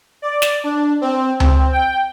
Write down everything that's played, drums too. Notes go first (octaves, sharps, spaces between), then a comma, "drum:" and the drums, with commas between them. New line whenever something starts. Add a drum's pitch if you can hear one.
D5
drum: snare
D4
C4
C4, drum: tom C#2
G5